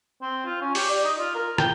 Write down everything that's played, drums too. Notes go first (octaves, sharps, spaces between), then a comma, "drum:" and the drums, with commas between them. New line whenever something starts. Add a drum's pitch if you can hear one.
C4
F4
C#4
G4, drum: open hi-hat
D5
D#4
F4
A#4
G5, drum: rim click